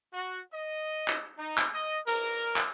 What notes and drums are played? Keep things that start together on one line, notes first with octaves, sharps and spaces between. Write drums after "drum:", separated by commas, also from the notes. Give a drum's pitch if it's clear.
F#4
D#5
drum: clap
D#4
drum: clap
D#5
A#4, drum: cymbal
drum: clap